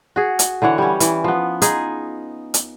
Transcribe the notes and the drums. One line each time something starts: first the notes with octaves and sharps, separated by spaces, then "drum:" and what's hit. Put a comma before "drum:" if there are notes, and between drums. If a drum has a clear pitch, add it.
F#4 G#4
drum: hi-hat
D3 E3 C#5 F#5
G3 C#4
E3, drum: hi-hat
F3 B3
D#4 F4 G#4, drum: hi-hat
drum: hi-hat